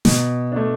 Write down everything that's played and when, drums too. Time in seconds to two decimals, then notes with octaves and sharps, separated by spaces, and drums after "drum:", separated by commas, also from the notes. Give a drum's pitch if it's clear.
0.05 B2, drum: snare
0.52 A3 D4